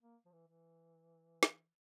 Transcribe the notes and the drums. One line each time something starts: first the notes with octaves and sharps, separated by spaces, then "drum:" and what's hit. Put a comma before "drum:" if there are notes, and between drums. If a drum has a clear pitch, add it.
A#3
F3
E3
E3
drum: snare